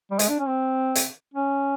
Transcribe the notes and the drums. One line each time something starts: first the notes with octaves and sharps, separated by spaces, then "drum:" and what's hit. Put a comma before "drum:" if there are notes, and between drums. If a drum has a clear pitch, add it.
G3
G#3, drum: hi-hat
D4
C#4
C4
drum: hi-hat
C#4